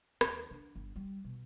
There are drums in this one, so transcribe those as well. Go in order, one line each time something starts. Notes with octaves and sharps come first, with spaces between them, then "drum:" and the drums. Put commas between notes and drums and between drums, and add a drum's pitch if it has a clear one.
D#2, drum: rim click
D3
G1
G3
B2